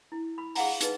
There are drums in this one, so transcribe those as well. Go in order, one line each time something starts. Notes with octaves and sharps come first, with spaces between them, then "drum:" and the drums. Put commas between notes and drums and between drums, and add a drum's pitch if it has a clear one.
E4
B5
G#4 F5 F#5 A#5, drum: open hi-hat
D#4 G#4 B4 D#5, drum: hi-hat